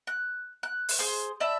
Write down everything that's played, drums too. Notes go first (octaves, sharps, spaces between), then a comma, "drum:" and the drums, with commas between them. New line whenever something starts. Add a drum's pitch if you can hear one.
F#6
F#6
drum: open hi-hat
G#4 C5 C6
D5 E5 A5 B5